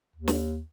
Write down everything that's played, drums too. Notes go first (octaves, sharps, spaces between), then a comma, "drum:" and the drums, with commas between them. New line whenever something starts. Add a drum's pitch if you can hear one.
D#2
drum: snare